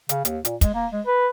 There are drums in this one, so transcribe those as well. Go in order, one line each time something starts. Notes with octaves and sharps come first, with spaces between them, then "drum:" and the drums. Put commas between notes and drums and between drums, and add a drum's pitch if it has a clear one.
C#3, drum: hi-hat
D#2, drum: hi-hat
A#2, drum: hi-hat
G#3, drum: kick, hi-hat
A#3
G#3
B4